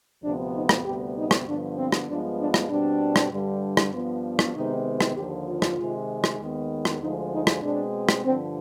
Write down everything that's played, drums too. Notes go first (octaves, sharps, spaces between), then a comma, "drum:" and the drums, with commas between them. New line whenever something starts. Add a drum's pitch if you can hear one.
D2 C3 F3 B3 D4
D#4
drum: rim click
D2 C3 G3 B3 G4
D#4
drum: rim click
G2 D3 F3 B3 D4
C4
drum: rim click
G2 F3 G#3 B3 D4
D4
drum: rim click
B2 G3 C4 D4
drum: rim click
G2 D3 G3
drum: rim click
G2 F3 B3
drum: rim click
C3 D#3 G#3 B3 D#4
drum: rim click
D#2 D3 F3 G4
F4
drum: rim click
C3 D#3 G#3
drum: rim click
D#2 D#3 G#3 B3
drum: rim click
D2 D3 F3 G#3 D#4
D#4
drum: rim click
B2 G#3 C4 D4
drum: rim click
G2 D3 F3 C4